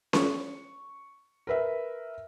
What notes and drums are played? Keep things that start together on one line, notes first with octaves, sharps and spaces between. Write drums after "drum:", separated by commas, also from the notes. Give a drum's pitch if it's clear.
C#6, drum: snare C#4
A#4 B4 E5